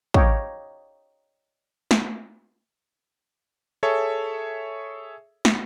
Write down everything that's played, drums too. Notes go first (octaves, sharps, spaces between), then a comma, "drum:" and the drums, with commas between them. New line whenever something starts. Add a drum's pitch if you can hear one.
C#5 D#5 F5 G5 A#5 D6, drum: kick
drum: snare
G#4 A4 C#5 E5
drum: snare